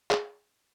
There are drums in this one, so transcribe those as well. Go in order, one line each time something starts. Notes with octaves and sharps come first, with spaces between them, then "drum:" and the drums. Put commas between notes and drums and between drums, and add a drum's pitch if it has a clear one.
G#4, drum: clap